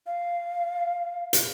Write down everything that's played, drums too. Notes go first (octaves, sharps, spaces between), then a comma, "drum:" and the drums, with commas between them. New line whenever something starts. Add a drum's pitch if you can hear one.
F5
drum: hi-hat